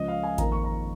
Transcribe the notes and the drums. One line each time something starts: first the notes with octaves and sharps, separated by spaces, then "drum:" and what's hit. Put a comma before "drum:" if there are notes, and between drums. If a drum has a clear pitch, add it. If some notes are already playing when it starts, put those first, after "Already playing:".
Already playing: C#2 C#3 F3 D#5
F5
G#5
F2 D#3 A#3 A#5, drum: kick A1, hi-hat
C#6
A#5